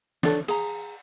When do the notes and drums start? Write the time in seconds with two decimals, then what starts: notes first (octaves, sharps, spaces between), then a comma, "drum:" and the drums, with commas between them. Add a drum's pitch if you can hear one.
0.23 D4 A4 C#5, drum: snare
0.48 G#4 A#5, drum: cymbal